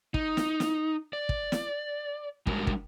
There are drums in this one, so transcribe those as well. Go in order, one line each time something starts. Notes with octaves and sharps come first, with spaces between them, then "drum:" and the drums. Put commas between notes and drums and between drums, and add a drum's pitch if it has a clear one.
D#4, drum: kick
drum: snare
drum: snare
D5
drum: kick
drum: snare
G3 G#3 D4 F#4 A#4, drum: kick
drum: kick